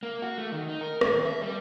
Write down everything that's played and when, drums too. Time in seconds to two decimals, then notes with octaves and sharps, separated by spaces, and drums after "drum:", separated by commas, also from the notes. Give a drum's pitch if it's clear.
0.03 A#3
0.22 F#4
0.38 A3
0.52 D#3
0.69 D#4
0.81 A#4
1.01 A2, drum: rim click
1.13 D#2
1.25 E5
1.41 G3